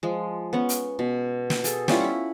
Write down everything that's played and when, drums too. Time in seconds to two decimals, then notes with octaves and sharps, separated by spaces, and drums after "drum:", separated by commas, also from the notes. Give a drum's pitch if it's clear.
0.03 F3 G#3
0.53 B3 C#4 F#5
0.69 drum: hi-hat
0.99 B2
1.50 drum: snare
1.64 G#4 A4, drum: hi-hat
1.88 G3 C#4 E4 F4, drum: snare
2.00 F#5 B5